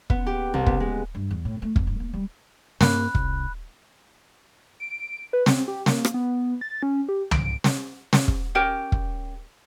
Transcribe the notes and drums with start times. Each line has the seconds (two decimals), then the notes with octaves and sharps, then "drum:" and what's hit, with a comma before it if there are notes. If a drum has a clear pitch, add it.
0.10 B3, drum: kick
0.26 G4
0.54 C2
0.66 B3, drum: kick
0.80 G#3
1.15 G2
1.31 E2
1.45 A2
1.62 A3
1.76 F2, drum: kick
1.87 G2
2.00 A#3
2.13 G3
2.81 G2 A#3 B5 F#6, drum: snare
3.15 C2, drum: kick
4.80 D7
5.33 B4
5.46 C4, drum: snare
5.68 G4
5.86 A#3, drum: snare
6.05 drum: rim click
6.14 B3
6.61 A6
6.83 C#4
7.09 G4
7.31 D7, drum: tom
7.64 drum: snare
8.13 drum: snare
8.28 drum: kick
8.55 C#4 G4 A#4 G5
8.92 drum: kick